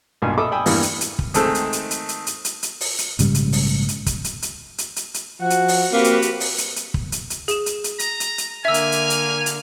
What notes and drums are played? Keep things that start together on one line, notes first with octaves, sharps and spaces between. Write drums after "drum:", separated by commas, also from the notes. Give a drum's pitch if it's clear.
B1 G2 A#2 G#5
A4 D#5 E5 B5 D6 D#6
D5 G5 G#5 B5 D#6 E6
E2 G2 E3 G3 A#3, drum: open hi-hat
drum: hi-hat
drum: hi-hat
drum: kick
D#3 G#3 A3 C4 A4, drum: hi-hat
drum: hi-hat
drum: hi-hat
drum: hi-hat
drum: hi-hat
drum: hi-hat
drum: hi-hat
drum: hi-hat
drum: open hi-hat
drum: hi-hat
A#1 G#2 C#3 G3, drum: hi-hat
drum: hi-hat
drum: open hi-hat
drum: hi-hat
drum: kick, hi-hat
drum: hi-hat
drum: hi-hat
drum: hi-hat
drum: hi-hat
drum: hi-hat
F3 F#4 F#5
drum: hi-hat
drum: open hi-hat
A#3 C4 F#4 G4 B4 F5
drum: hi-hat
drum: hi-hat
drum: open hi-hat
drum: hi-hat
drum: hi-hat
drum: kick
drum: hi-hat
drum: hi-hat
G#4 E7, drum: hi-hat
drum: hi-hat
drum: hi-hat
A#5, drum: hi-hat
drum: hi-hat
drum: hi-hat
D3 A#3 E5 G#5 E6 F6
drum: hi-hat
drum: hi-hat
drum: hi-hat
drum: hi-hat